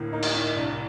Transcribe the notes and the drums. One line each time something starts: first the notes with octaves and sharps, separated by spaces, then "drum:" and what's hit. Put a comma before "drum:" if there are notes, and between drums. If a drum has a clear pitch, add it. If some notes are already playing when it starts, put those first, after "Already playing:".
Already playing: D2 A2 A#3
A#3 D#4
drum: cymbal
A2 D#4
C2 D4